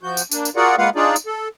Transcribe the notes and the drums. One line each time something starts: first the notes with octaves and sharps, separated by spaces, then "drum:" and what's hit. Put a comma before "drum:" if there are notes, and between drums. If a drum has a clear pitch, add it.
F3 F#4 G6
drum: tambourine
A#3 D4, drum: tambourine
drum: tambourine
F4 F#4 G#4 A#4 D5 F#5
G#3 A#3 F4 B4 F5 F#5
D4 D#4 F4 G#4 D5
drum: tambourine
A4